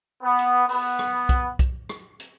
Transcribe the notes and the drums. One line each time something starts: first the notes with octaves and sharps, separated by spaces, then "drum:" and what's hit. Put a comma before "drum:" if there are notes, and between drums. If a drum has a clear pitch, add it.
B3
drum: hi-hat
B3, drum: open hi-hat
drum: rim click
drum: kick B1, hi-hat
drum: kick B1, hi-hat
drum: rim click
drum: hi-hat